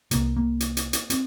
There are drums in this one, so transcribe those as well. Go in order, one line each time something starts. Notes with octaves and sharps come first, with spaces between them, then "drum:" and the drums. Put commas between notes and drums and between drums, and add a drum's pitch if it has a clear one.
C2 C3 A#3, drum: hi-hat
A#3
drum: hi-hat
drum: hi-hat
drum: hi-hat
C4, drum: hi-hat